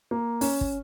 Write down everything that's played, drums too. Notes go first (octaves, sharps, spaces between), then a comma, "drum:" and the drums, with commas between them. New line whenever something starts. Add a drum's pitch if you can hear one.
A#3
C#4, drum: open hi-hat
drum: kick